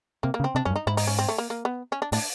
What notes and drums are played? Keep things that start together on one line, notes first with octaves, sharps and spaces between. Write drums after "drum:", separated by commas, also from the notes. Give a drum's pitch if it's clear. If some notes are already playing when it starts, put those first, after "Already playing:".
C3 A#3
A#3
C#3
C4
C3 D4
F#2 C#4
G2
D#4
G#2 E4
D#4, drum: open hi-hat
C#4
C4
A3
A#3
A#3
B3
C#4
D4
A2 D4, drum: open hi-hat